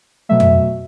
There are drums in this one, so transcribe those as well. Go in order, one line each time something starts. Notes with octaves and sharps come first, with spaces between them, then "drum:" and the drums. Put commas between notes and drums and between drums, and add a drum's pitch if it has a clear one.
B2 F#3 A3 E5
drum: tom F2